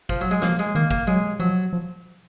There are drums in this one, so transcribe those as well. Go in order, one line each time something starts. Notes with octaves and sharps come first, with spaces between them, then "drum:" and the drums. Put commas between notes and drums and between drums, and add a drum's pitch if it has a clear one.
F3, drum: kick
F#3
G#3
F3 A#3, drum: snare
G#3
D#3 A#3
A#3, drum: kick
F#3 G#3
F3 F#3
F3